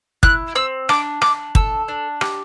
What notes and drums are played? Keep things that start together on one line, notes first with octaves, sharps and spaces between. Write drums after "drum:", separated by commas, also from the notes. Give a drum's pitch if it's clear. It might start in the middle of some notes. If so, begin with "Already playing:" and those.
E4 F#6, drum: kick
C4 E6
D4 D6, drum: rim click
D4 D6, drum: rim click
A4 E6, drum: kick
D4
G4, drum: rim click